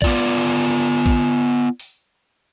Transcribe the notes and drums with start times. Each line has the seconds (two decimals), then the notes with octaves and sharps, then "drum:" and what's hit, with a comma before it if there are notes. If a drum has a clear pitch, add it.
0.02 B3 F4 D5, drum: kick
1.06 drum: kick
1.80 drum: open hi-hat